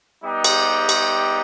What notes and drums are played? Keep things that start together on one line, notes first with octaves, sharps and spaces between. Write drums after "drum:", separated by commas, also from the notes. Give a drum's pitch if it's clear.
G3 B3 D#4 G4
drum: cymbal
drum: cymbal